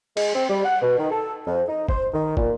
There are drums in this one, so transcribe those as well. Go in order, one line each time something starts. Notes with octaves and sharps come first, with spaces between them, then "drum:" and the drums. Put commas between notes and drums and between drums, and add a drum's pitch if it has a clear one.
G#3, drum: cymbal
C4
G3
F#5
B2
D#3
A4
F2
D#4
C5, drum: kick
D#3
A#2, drum: kick